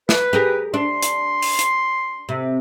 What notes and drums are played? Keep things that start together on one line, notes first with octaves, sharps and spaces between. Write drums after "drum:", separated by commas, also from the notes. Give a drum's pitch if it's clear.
B4, drum: snare
G4 G#4 A#4
D4 C6
drum: hi-hat
drum: open hi-hat
drum: hi-hat
C3